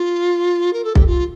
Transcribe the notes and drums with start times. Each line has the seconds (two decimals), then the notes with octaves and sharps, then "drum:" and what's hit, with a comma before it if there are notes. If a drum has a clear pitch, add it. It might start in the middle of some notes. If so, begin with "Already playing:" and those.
Already playing: F4
0.73 A#4
0.84 A4
0.95 G4, drum: kick B1
1.07 F4